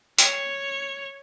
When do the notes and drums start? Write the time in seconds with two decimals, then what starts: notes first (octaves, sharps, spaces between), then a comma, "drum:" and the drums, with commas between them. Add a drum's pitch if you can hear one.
0.19 C#5, drum: hi-hat